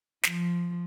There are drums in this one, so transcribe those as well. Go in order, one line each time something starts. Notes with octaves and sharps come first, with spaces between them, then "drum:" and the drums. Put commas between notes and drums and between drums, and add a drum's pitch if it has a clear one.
F3, drum: snare